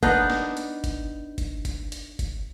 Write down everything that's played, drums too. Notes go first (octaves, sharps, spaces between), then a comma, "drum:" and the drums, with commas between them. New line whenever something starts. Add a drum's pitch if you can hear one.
B3 D4 D#4, drum: kick F#1, hi-hat
drum: snare
drum: hi-hat
drum: kick F#1, hi-hat
drum: kick F#1, hi-hat
drum: kick F#1, hi-hat
drum: hi-hat
drum: kick F#1, hi-hat